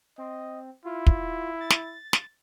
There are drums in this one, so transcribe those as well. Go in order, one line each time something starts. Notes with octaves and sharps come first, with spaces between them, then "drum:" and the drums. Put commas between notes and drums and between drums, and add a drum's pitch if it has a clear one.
C4 D#5
E4 F4
drum: kick
A6
drum: snare
drum: snare